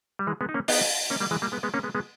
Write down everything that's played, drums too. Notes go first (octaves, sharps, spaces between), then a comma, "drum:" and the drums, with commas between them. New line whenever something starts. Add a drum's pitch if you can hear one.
G3
E3 G#3
G#3 B3
D#4
A#3 C#4
B3 D#4, drum: open hi-hat
A#3 C#4
G3 A#3
E3 G#3
G3 A#3
G#3 B3
G#3 B3
A#3 C#4
G#3 B3
G#3 B3